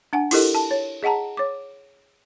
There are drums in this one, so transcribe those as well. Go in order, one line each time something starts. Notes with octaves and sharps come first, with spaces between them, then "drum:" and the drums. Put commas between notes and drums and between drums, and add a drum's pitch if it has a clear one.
D4 F#5 G#5
E4 F4 G4 A4 A#4 D#5, drum: cymbal
A5
C#5
G#4 D#5 F#5 A5 A#5
C#5 D6